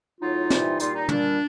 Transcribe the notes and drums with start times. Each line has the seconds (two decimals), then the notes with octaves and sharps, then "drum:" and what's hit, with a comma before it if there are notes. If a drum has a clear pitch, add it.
0.21 A2 F#3 D#4 F4
0.50 C3 E3 G3, drum: snare
0.80 A#2 G3 D#4 F4, drum: hi-hat
0.95 D#4
1.09 A#2 G3 D4, drum: tom